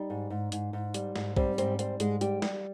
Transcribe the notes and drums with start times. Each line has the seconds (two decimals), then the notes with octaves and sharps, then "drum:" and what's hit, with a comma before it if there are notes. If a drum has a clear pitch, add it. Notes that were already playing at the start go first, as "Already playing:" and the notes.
Already playing: G3 D#4
0.10 G#2
0.30 G#2
0.52 G#2, drum: hi-hat
0.73 G#2
0.94 G3, drum: hi-hat
1.16 G#2, drum: snare
1.36 G3 C4, drum: kick B1
1.58 G#2 C4, drum: hi-hat
1.79 G3 C4, drum: hi-hat
2.00 G#2 G#3, drum: hi-hat
2.21 G3 G4, drum: hi-hat
2.42 G3, drum: snare